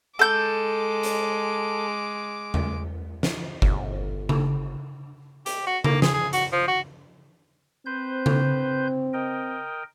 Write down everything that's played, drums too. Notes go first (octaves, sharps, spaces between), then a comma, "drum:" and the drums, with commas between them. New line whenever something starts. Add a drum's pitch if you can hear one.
G#3 A4 D6 G6
drum: hi-hat
drum: tom E2
drum: snare
G1, drum: kick F#1
drum: tom C#3
G4, drum: hi-hat
F#4
A#3, drum: tom C#3
G#4, drum: snare
G#4
F#4, drum: hi-hat
F3
F#4
C4 B4 C5 G6
drum: tom C#3
A#4 D#5 G5